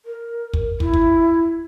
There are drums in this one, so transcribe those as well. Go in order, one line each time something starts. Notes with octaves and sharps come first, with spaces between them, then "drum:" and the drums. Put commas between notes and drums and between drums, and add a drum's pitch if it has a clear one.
A#4
drum: kick
E4, drum: kick
drum: kick